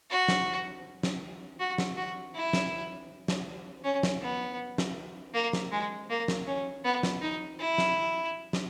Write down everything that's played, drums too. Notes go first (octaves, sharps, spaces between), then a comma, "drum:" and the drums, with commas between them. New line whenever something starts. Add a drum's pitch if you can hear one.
F#4
drum: snare
drum: snare
F#4
drum: snare
F#4
E4
drum: snare
drum: snare
C#4
drum: snare
B3
drum: snare
A#3
drum: snare
G#3
A#3
drum: snare
C#4
B3
drum: snare
D#4
E4
drum: snare
drum: snare